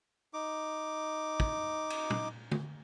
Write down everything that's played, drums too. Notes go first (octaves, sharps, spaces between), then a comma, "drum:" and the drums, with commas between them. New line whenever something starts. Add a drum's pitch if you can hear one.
D#4 D6
drum: kick
drum: cymbal
drum: tom A#2
drum: tom D3